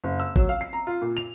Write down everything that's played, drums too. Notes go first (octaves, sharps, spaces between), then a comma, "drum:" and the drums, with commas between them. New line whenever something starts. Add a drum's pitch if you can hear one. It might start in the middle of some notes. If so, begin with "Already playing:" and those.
F#1
E6
F#3, drum: kick
F5
C7
A#5
F4
A#2
F7